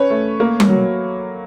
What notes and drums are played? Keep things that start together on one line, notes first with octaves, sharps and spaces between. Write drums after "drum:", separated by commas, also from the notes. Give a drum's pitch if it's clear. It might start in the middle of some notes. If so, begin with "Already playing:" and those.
Already playing: C#4 B4 C#5
A3
A#3
drum: tom G3
F#3